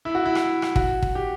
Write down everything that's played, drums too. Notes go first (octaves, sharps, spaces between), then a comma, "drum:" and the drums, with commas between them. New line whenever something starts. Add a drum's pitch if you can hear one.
E4
F#4
E4
drum: rim click
drum: rim click
F#4, drum: kick
drum: kick
G4